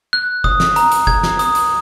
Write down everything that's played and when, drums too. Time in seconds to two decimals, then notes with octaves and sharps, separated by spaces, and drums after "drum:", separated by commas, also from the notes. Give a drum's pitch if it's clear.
0.13 F#6
0.44 D#6, drum: kick F#1
0.60 drum: snare
0.76 A#5, drum: hi-hat
0.92 drum: hi-hat
1.07 G#6, drum: kick F#1
1.23 drum: snare
1.39 D#6, drum: hi-hat
1.55 drum: hi-hat